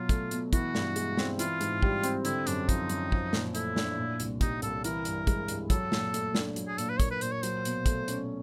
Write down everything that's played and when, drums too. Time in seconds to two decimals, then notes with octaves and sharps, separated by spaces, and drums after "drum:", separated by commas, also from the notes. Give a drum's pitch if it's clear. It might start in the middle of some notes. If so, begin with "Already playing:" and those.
Already playing: B2 F#3 F4
0.09 A3, drum: kick, hi-hat
0.31 B2, drum: hi-hat
0.53 E3 F#4, drum: kick, hi-hat
0.75 G2, drum: snare
0.96 G#3, drum: hi-hat
1.17 C4, drum: snare
1.39 E3 F4, drum: hi-hat
1.61 G#2, drum: hi-hat
1.82 G3, drum: kick
2.03 C4, drum: hi-hat
2.25 D3 E4, drum: hi-hat
2.47 F#2 D4, drum: hi-hat
2.69 F3 D#4, drum: kick, hi-hat
2.89 F#2, drum: hi-hat
3.12 F3, drum: kick
3.33 A#2, drum: snare
3.55 A3 E4, drum: hi-hat
3.76 D4, drum: snare
3.97 A#2
4.20 C2, drum: hi-hat
4.41 G3 D#4, drum: kick, hi-hat
4.62 C2 A4, drum: hi-hat
4.84 E3 A#4, drum: hi-hat
5.05 G2, drum: hi-hat
5.27 G#3, drum: kick, hi-hat
5.48 G2, drum: hi-hat
5.70 F#3 A4, drum: kick, hi-hat
5.92 A#2, drum: snare
6.14 A3, drum: hi-hat
6.35 D4, drum: snare
6.56 F#3, drum: hi-hat
6.67 G#4
6.78 A#2 A4, drum: hi-hat
6.90 B4
7.00 A#3 C#5, drum: kick, hi-hat
7.11 B4
7.21 A#2 C5, drum: hi-hat
7.32 C#5
7.43 F#3 C5, drum: hi-hat
7.65 B2, drum: hi-hat
7.86 A3, drum: kick, hi-hat
8.08 C#4, drum: hi-hat